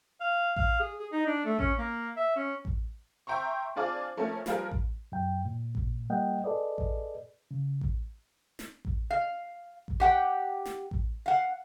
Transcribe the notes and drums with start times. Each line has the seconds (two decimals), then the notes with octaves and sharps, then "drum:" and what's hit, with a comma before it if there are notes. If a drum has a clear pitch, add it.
0.20 F5
0.56 F5, drum: kick A1
0.80 G#4
0.99 G#4
1.12 D#4
1.27 D4
1.45 A3
1.59 C#4, drum: kick A1
1.78 A#3
2.17 E5
2.36 C#4
2.65 drum: kick A1
3.27 E5 G5 A#5 C6 C#6
3.76 C4 D4 F4 G#4 D5
4.17 F3 A3 A#3 C#4
4.46 F3 G3 F4 G#4 A#4 B4, drum: snare
4.71 drum: kick A1
5.12 F#2 G5
5.45 A#2
5.75 drum: kick A1
6.10 G3 A#3 D#5 F#5 G5
6.44 G#4 A4 B4 D5 D#5
6.78 drum: kick A1
7.51 C#3
7.81 drum: kick A1
8.59 drum: snare
8.85 drum: kick A1
9.11 F5
9.88 drum: kick A1
10.00 G4 F#5 G5
10.65 drum: snare
10.91 drum: kick A1
11.26 F5 F#5